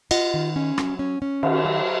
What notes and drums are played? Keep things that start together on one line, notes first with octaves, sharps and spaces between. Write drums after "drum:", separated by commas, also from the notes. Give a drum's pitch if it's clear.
F4 D#5 F#5, drum: cymbal
D#3
C#4
F#3, drum: rim click
C#4
C#4
D#3, drum: cymbal
F#3